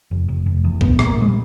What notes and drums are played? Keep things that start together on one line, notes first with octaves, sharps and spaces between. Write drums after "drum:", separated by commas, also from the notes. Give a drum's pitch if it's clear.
F1
F1
F1
E2
A#1 B3, drum: kick B1
A#2, drum: rim click
A#3
A#2 G#3
G3